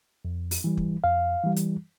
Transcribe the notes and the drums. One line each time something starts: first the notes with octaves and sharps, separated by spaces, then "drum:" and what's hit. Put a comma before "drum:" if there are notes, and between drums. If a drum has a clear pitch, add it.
F2
drum: open hi-hat
E3 G3
drum: kick
F2 F5
E3 G3
drum: hi-hat